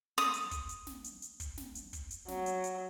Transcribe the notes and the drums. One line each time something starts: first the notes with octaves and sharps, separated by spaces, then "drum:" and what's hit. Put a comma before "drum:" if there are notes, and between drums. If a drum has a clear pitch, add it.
D#6, drum: snare
drum: hi-hat
drum: kick, hi-hat
drum: hi-hat
drum: snare
drum: hi-hat
drum: hi-hat
drum: kick, hi-hat
drum: snare
drum: hi-hat
drum: kick, hi-hat
drum: hi-hat
F#3, drum: snare
drum: hi-hat
drum: hi-hat